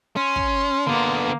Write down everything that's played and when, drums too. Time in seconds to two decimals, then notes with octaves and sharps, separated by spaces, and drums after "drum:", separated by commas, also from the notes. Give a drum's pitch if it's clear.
0.16 C#4 C6
0.36 drum: kick
0.86 D3 A#3 B3